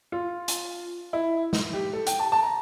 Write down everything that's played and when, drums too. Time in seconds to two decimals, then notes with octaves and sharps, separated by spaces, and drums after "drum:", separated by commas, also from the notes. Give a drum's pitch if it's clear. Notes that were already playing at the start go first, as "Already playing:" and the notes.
0.12 F4
0.48 drum: hi-hat
1.13 E4
1.53 drum: snare
1.73 G4
1.93 A4
2.07 G5, drum: hi-hat
2.19 A5
2.32 A5
2.43 A#5